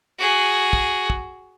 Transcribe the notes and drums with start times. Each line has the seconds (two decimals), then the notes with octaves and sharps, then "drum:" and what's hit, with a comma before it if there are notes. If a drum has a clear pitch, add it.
0.18 F#4 G#4
0.73 drum: kick
1.10 drum: kick